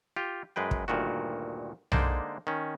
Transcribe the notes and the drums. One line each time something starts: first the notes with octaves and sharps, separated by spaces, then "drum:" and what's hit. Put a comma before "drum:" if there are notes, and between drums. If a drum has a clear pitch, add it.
F4 G4
F#2 G#3 B4 G5
drum: kick
D2 G2 A#2 D#3 F#4
D3 G#3 A#3 D#4 C5 D5, drum: tom B1
D#3 C#4